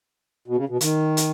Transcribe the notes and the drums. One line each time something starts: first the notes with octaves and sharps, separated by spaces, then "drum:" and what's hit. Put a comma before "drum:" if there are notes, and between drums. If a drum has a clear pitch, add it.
B2
C#3
B2
D#3, drum: hi-hat
drum: hi-hat